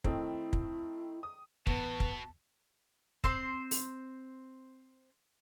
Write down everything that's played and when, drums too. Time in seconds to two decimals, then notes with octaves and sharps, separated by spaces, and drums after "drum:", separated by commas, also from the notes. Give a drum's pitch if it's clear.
0.04 D#3 A3 C4 E4, drum: kick
0.53 drum: kick
1.23 D#6
1.67 A1 B2 B3 B4 A5, drum: kick
2.00 drum: kick
3.24 C4 C5 C6, drum: kick
3.71 drum: open hi-hat